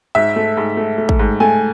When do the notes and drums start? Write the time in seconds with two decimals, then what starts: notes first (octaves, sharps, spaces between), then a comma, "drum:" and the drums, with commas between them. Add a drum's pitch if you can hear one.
0.15 G#2 E5
0.36 A3
0.57 G#2
0.77 A3
0.98 A3
1.09 drum: kick
1.19 G#2
1.40 A3 G#5